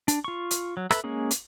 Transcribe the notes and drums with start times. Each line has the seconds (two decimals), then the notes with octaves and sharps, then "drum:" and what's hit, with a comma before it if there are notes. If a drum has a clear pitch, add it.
0.08 D4, drum: hi-hat
0.24 F4 C#6
0.51 drum: hi-hat
0.77 F#3
0.91 A4 B4 E5 B5 E6, drum: rim click
1.04 G#3 A#3 C#4 G#4
1.31 drum: hi-hat